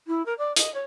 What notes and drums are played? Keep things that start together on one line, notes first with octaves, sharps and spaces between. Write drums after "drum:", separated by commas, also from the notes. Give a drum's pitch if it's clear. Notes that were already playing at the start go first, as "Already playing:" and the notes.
E4
A#4
D5
D#5, drum: hi-hat
C#5